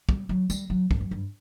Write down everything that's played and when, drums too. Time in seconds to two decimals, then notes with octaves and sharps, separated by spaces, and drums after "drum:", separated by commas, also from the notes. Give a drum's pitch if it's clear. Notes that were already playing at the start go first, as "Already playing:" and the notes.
0.09 G3, drum: kick
0.29 F#3
0.50 G3, drum: tambourine
0.70 F#3
0.91 G2, drum: kick
1.01 F#2
1.11 G2